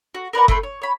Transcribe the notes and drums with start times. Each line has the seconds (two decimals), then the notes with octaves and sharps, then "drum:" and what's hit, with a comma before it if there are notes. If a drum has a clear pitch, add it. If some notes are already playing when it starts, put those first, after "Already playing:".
0.14 F#4
0.33 A#4 B4 D5 F#5
0.48 A3 C4 A4 B4, drum: kick F#1
0.63 C#5
0.82 C#5 B5